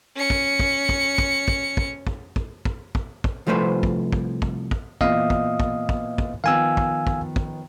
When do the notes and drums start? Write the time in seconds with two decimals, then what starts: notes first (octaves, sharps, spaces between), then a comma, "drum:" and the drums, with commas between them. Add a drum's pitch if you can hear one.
0.16 C#4 C#7
0.30 drum: kick
0.60 drum: kick
0.89 drum: kick
1.18 drum: kick
1.48 drum: kick
1.77 drum: kick
2.07 drum: kick
2.36 drum: kick
2.65 drum: kick
2.95 drum: kick
3.24 drum: kick
3.47 C2 F3 A3 B4 C5
3.83 drum: kick
4.12 drum: kick
4.42 drum: kick
4.71 drum: kick
5.01 A#2 E3 B3 D#5 F5 D#6, drum: kick
5.30 drum: kick
5.60 drum: kick
5.89 drum: kick
6.18 drum: kick
6.44 D#3 F3 B3 F5 G#5 E6
6.77 drum: kick
7.07 drum: kick
7.36 drum: kick